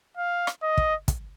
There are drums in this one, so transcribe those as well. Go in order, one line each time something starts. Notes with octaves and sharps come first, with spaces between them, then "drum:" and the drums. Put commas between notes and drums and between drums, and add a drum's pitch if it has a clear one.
F5
drum: rim click
D#5
drum: kick
drum: kick, hi-hat